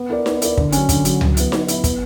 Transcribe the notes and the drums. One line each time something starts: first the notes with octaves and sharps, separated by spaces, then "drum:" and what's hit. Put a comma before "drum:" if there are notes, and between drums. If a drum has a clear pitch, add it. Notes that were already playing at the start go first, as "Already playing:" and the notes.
Already playing: B3
E4 A#4 D5
B3, drum: snare D#4
E4 A#4 D5, drum: hi-hat
D3, drum: kick
F#3 C#4, drum: hi-hat
D3, drum: kick, hi-hat
F#3 C#4, drum: hi-hat
F#3, drum: tom C#2
B3 E4, drum: hi-hat
F#3, drum: snare D#4
B3 E4, drum: hi-hat
B3, drum: kick, hi-hat